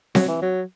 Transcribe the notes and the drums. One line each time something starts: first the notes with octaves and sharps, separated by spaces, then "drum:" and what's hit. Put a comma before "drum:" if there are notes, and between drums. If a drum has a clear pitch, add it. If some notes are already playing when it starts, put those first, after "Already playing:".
F#3, drum: snare C4
E3
F#3